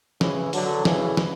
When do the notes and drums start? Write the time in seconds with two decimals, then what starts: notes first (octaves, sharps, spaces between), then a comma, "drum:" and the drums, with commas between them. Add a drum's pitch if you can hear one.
0.21 C#3 E3, drum: snare
0.53 D3 F#3, drum: open hi-hat
0.85 C#3 E3, drum: snare
1.17 drum: snare